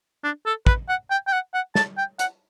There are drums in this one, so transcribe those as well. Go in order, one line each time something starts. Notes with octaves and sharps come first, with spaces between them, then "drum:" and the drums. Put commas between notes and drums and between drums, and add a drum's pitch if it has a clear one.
D4
A4
B4, drum: kick
F#5
G5
G5
F#5
F#5
A5, drum: snare
G5
F#5, drum: hi-hat